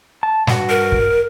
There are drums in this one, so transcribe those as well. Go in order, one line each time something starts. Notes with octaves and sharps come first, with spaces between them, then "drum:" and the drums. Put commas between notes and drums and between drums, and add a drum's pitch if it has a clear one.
A5
G2 F#4, drum: snare
A#4
drum: kick